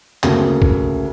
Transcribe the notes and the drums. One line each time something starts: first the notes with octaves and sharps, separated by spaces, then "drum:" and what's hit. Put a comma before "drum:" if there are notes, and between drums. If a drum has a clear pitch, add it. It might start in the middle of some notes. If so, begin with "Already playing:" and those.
D2 C#3 A#3, drum: clap
drum: kick